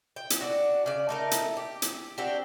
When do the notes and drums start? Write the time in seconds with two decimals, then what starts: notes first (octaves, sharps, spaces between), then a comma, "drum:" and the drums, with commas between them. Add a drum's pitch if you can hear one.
0.16 G5
0.30 drum: hi-hat
0.41 D4 F#4
0.86 C#3 D5
1.09 A3 D#4 A#4
1.31 drum: hi-hat
1.57 G4
1.82 drum: hi-hat
2.18 C4 D4 F#4 G4